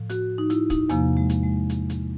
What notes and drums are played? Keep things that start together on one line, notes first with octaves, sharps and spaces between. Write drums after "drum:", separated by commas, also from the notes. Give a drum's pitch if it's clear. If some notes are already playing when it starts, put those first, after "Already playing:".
Already playing: A2 F3
F#4, drum: hi-hat
D#4
E4, drum: hi-hat
D#4, drum: kick, hi-hat
E2 C3 F3 A#3, drum: hi-hat
G#3
drum: hi-hat
G#3
drum: hi-hat
drum: hi-hat